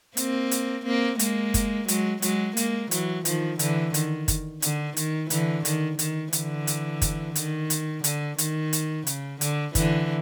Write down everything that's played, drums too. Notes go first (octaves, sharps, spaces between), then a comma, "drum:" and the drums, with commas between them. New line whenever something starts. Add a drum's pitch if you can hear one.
A#3 C4, drum: hi-hat
drum: hi-hat
A#3 C4
G#3 A#3, drum: hi-hat
drum: kick, hi-hat
F#3 G#3, drum: hi-hat
F#3 G#3, drum: hi-hat
G#3 A#3, drum: hi-hat
E3 F#3, drum: hi-hat
D#3 F3, drum: hi-hat
D3 E3, drum: hi-hat
D#3, drum: hi-hat
drum: kick, hi-hat
D3, drum: hi-hat
D#3, drum: hi-hat
D3 E3, drum: hi-hat
D#3, drum: hi-hat
D#3, drum: hi-hat
D3 E3, drum: hi-hat
drum: hi-hat
drum: kick, hi-hat
D#3, drum: hi-hat
drum: hi-hat
D3, drum: hi-hat
D#3, drum: hi-hat
drum: hi-hat
C#3, drum: hi-hat
D3, drum: hi-hat
D3 E3, drum: kick, hi-hat